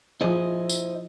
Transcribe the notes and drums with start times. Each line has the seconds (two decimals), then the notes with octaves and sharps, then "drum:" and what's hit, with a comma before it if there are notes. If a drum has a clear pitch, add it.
0.21 F3 E4 G#4 C5 D#5
0.69 drum: tambourine